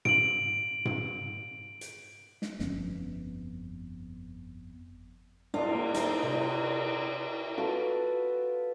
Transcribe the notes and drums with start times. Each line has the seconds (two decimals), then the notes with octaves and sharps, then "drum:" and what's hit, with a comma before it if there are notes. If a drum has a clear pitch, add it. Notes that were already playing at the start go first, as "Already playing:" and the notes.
0.05 D7 F#7, drum: tom G#2
0.85 drum: tom G#2
1.81 drum: hi-hat
2.42 drum: snare
2.59 G1 F2 B3 C#4, drum: snare
5.54 D4 F4, drum: cymbal
5.75 A#3
5.94 D#4 E4 A4 C5, drum: hi-hat
6.22 C3, drum: cymbal
7.58 F4 F#4 A4 B4